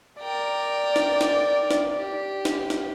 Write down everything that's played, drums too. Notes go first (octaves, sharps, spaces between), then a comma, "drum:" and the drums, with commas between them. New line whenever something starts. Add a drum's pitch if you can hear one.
A#4 D5 G5
drum: snare
drum: snare
drum: snare
G4
drum: snare
drum: snare